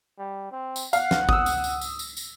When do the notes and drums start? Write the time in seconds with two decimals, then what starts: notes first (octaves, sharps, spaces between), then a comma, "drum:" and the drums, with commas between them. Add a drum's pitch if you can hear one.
0.19 G3
0.52 C4
0.76 drum: tambourine
0.93 F5 F#5, drum: tambourine
1.11 drum: snare
1.29 D#6 E6, drum: kick G#1
1.46 drum: tambourine
1.64 drum: tambourine
1.81 drum: tambourine
1.99 drum: tambourine
2.17 drum: tambourine